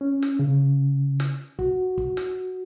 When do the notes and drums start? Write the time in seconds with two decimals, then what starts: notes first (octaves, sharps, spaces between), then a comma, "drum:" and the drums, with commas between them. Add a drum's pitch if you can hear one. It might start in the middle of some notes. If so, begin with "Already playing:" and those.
0.01 C#4
0.22 drum: snare
0.39 C#3
1.20 drum: snare
1.59 F#4, drum: kick
1.98 drum: kick
2.17 drum: snare